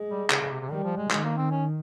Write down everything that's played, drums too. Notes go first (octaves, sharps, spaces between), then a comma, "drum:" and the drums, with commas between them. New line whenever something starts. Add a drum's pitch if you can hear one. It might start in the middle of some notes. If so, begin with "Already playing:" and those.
Already playing: G#3
G3
C#3, drum: clap
C#3
C3
C3
D#3 G3
F3
G#3
D#3 G#3, drum: clap
A#3
C4
C#4